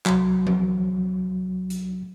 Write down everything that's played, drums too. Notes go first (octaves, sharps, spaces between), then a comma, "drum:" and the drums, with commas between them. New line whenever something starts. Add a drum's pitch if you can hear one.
C2 F#3, drum: clap
drum: tom F3
drum: hi-hat